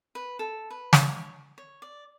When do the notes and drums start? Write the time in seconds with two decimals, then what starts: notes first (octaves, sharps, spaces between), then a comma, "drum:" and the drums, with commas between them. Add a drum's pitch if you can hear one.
0.15 B4
0.39 A4
0.71 B4
0.93 drum: snare
1.03 C#5
1.58 C#5
1.82 D5